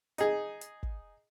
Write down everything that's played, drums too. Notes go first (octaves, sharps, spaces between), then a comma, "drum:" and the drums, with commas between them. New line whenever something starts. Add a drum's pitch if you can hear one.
D#4 G#4, drum: hi-hat
drum: hi-hat
drum: kick